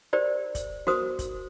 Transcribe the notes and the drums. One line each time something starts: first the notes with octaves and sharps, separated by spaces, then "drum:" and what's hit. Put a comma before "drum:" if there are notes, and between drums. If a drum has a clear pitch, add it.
G4 A#4 C5 D5
drum: kick, hi-hat
F#4 A#4 C5 D#6, drum: snare
drum: kick, hi-hat